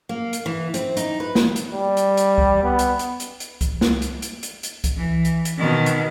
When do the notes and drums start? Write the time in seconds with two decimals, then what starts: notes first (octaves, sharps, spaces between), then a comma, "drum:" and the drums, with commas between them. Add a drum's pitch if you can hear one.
0.09 A#3
0.33 drum: hi-hat
0.46 E3
0.74 C4, drum: hi-hat
0.97 D#4, drum: hi-hat
1.20 B4
1.35 drum: snare
1.56 drum: hi-hat
1.71 G3
1.97 drum: hi-hat
2.17 drum: hi-hat
2.38 drum: kick C2
2.63 B3
2.79 drum: hi-hat
2.99 drum: hi-hat
3.20 drum: hi-hat
3.40 drum: hi-hat
3.61 drum: kick C2, hi-hat
3.81 drum: snare
4.02 drum: hi-hat
4.22 drum: hi-hat
4.43 drum: hi-hat
4.63 drum: hi-hat
4.84 drum: kick C2, hi-hat
4.97 E3
5.25 drum: hi-hat
5.45 drum: hi-hat
5.58 B2 D#3
5.86 drum: hi-hat